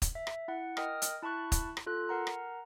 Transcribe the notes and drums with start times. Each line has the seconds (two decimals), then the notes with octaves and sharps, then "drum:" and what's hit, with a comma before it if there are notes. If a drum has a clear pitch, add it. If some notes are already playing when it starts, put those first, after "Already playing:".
0.02 drum: kick, hi-hat
0.15 E5
0.27 drum: rim click
0.48 E4 F#5
0.77 A#4 D#5 G5 D#6 F6, drum: rim click
1.02 drum: hi-hat
1.22 E4 A5 B5 C#6 F#6
1.52 drum: kick, hi-hat
1.77 drum: rim click
1.86 F4 A4 F#6
2.09 A#4 F#5 A#5
2.27 drum: rim click